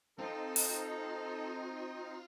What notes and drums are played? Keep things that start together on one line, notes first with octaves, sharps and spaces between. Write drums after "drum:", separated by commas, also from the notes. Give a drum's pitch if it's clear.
C4 D#4 F4 A4
drum: open hi-hat